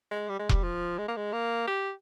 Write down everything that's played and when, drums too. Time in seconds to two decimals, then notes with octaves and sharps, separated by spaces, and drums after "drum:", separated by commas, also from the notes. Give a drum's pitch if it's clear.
0.11 G#3
0.29 G3
0.39 G#3
0.49 G3, drum: kick E1
0.63 F3
0.98 G#3
1.08 A#3
1.16 G#3
1.33 A#3
1.67 G4